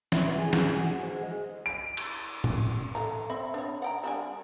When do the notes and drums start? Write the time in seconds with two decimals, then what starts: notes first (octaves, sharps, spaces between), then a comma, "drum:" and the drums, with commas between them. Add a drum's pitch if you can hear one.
0.12 E4, drum: snare
0.25 B3
0.38 G#4
0.53 G#4, drum: snare
0.80 F#4
1.03 G#2
1.23 G#3
1.66 D7
1.97 drum: cymbal
2.44 drum: tom A2
2.95 A3 F5 A#5
3.30 C4 E5 B5
3.54 D4 C#5
3.82 F#5 G5 A#5
4.04 G3 D4 G#5